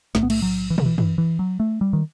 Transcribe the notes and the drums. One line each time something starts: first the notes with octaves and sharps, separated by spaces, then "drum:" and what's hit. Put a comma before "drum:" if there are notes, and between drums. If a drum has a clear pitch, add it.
B1 A2 A3, drum: snare
B3
A3, drum: cymbal
F#3
E3
D#3, drum: tom
E3
E3, drum: tom
E3
F#3
A3
G3
D#3